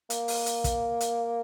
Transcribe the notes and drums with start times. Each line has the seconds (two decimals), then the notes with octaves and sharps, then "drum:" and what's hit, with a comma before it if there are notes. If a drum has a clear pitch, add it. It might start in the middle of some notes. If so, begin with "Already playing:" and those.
0.10 A#3, drum: hi-hat
0.28 drum: open hi-hat
0.46 drum: hi-hat
0.64 drum: kick, hi-hat
1.00 drum: hi-hat